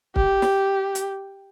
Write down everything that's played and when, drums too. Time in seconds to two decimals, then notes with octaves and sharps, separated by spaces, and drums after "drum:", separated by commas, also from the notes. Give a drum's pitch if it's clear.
0.16 G4, drum: kick
0.42 drum: snare
0.95 drum: hi-hat